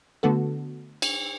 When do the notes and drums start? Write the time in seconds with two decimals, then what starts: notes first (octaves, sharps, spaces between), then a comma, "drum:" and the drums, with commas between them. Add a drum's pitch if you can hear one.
0.23 D3 A3 B3 F#4 A4
1.02 drum: cymbal